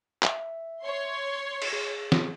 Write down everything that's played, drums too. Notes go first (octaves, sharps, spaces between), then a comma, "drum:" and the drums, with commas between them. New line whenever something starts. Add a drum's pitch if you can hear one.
E5, drum: clap
C#5 C6
drum: cymbal
G#4
drum: snare